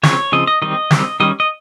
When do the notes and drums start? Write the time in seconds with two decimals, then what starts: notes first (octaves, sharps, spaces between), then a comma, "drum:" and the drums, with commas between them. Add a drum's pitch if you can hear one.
0.03 C#3 F3 C4 C#5, drum: snare
0.32 C#3 F3 C4 D#5
0.47 D#5
0.62 D#3 G3 C4 D#5
0.91 D#3 G3 C4, drum: snare
1.20 D#3 G3 C#4 D#5
1.40 D#5